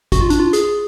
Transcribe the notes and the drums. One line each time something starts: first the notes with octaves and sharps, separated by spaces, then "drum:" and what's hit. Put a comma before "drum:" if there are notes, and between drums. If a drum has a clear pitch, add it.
F#4, drum: kick G#1, hi-hat
F4
D4, drum: hi-hat
F4
G#4, drum: hi-hat